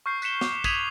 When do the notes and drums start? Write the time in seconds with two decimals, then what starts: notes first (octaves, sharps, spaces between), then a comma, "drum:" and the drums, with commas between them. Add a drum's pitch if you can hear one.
0.06 C#6 F6 G6 C7
0.22 F#6 B6 C#7 E7 G7, drum: tambourine
0.41 D6, drum: snare
0.64 D#6 G#6 B6 D#7 F7 F#7, drum: kick, tambourine